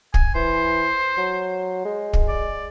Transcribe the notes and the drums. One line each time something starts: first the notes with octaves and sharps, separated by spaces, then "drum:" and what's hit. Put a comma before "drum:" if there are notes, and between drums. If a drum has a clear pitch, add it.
G#5, drum: kick
E3 C5
F#3
G#3
drum: kick
D5